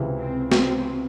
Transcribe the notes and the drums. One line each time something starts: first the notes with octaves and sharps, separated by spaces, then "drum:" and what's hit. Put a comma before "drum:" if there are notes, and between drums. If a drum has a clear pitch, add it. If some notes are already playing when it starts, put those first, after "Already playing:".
Already playing: C#2 C3 E3
C4
C4, drum: snare